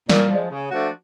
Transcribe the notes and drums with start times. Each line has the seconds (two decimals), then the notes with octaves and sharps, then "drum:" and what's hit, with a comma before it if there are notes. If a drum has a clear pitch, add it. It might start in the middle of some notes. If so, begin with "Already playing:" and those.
0.09 A#2 G3, drum: snare
0.30 F3 G#3
0.50 C#3
0.71 F3 A3 D4 F#4